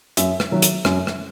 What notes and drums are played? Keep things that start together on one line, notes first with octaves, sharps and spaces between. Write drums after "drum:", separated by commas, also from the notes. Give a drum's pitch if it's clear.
F#2 E5, drum: hi-hat
drum: rim click
D#3 F#3
drum: hi-hat
F#2, drum: rim click
drum: rim click